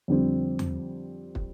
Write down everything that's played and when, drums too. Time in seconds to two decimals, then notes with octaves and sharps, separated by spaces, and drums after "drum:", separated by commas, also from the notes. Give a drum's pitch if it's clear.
0.08 F2 D3 G3 C4
0.59 drum: tom E2
1.35 drum: kick